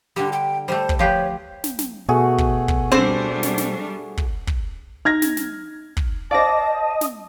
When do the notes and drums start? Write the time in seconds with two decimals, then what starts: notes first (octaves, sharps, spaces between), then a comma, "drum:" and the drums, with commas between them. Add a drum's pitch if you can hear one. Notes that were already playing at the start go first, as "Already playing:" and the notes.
0.16 D3 G3 G4
0.33 G5
0.68 G3 A3 C5
0.89 drum: kick
0.99 F3 G4 B4 C#5
1.64 drum: snare
1.79 drum: snare
2.08 B2 A3 F#4 G#4
2.38 drum: kick
2.68 drum: kick
2.92 G3 C4 D4 C5
3.43 drum: snare
3.58 drum: snare
4.17 drum: kick
4.47 drum: kick
5.05 D#4 F6 G#6 A#6
5.22 drum: snare
5.37 drum: snare
5.97 drum: kick
6.31 C5 D5 D#5 F5 A5 D6 A#6
7.01 drum: snare